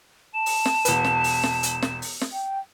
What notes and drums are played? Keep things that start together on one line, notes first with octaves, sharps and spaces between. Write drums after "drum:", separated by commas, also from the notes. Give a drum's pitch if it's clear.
A5 E7
drum: open hi-hat
drum: snare
E1 B4, drum: hi-hat
drum: snare
drum: open hi-hat
drum: snare
drum: hi-hat
drum: snare
drum: open hi-hat
drum: snare
G5